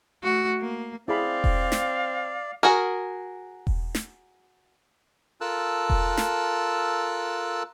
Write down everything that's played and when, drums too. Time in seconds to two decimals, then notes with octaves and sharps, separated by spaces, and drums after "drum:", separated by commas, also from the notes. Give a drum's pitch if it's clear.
0.23 A3 F#4
0.60 A#3
1.08 C4 E4 G#4 D5 F5 B5
1.44 drum: kick E1
1.72 drum: snare
2.63 F#4 G#4 A#4
3.67 drum: kick E1
3.95 drum: snare
5.41 F4 A4 A#4 A5 E6 F#6
5.90 drum: kick E1
6.17 drum: snare